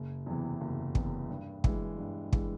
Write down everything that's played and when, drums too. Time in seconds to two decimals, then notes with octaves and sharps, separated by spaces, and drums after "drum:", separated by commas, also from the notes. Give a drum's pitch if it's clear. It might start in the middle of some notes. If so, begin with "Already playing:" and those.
Already playing: F#1
0.26 E2 C3 E3
0.61 F#1
0.95 E2 C3 E3, drum: kick
1.29 G2
1.64 E3 G#3, drum: kick
1.98 G2
2.33 E3 G#3, drum: kick